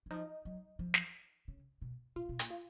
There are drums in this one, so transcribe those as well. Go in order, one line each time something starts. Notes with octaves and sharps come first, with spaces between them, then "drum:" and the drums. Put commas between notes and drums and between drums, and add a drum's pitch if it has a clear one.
D#3
F3 D#4
F#3
F3
drum: snare
C#3
B2
A#2 F4
B2
A#2, drum: hi-hat
F4